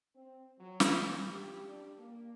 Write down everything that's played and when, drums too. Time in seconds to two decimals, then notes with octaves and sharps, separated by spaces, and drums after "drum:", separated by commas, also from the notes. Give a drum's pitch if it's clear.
0.16 C4
0.59 F#3
0.80 drum: snare
0.93 A#2
1.31 G4
1.68 D4
1.98 A#3